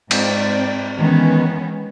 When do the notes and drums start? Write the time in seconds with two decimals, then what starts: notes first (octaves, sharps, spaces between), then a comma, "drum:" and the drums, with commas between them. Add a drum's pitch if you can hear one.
0.11 G#2 C4 D5, drum: cymbal
0.98 D#3 E3 G#3 B3 C#4